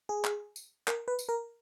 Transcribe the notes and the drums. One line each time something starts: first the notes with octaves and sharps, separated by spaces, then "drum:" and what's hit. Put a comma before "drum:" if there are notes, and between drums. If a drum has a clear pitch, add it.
G#4
drum: clap
drum: tambourine
A#4, drum: clap
B4
drum: tambourine
A#4